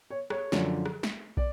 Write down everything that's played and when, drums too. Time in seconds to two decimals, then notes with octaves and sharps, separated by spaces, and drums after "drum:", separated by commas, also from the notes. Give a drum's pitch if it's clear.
0.10 C#5
0.30 C#5, drum: rim click
0.52 F#2 D3 F3, drum: snare
0.86 drum: rim click
1.03 drum: snare
1.37 D5, drum: kick